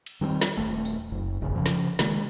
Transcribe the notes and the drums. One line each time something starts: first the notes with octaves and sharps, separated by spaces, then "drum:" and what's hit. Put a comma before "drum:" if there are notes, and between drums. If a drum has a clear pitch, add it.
drum: cymbal
D#3 G3 A3 C4
drum: snare
D#1 A3
drum: tambourine
F#1
E1 A1 F#2 C#3
C#3 F3
drum: snare
C3 D#3 G#3 A#3, drum: snare